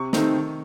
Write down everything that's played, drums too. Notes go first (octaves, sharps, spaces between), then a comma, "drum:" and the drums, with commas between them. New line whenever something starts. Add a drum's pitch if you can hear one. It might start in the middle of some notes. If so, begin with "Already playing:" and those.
Already playing: C3 C#6
D#3 A3 C4 D#4, drum: snare
D#3